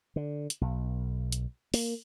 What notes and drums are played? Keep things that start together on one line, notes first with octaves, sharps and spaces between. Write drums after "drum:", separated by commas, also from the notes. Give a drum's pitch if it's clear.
D3
drum: hi-hat
B1
drum: hi-hat
A#3, drum: open hi-hat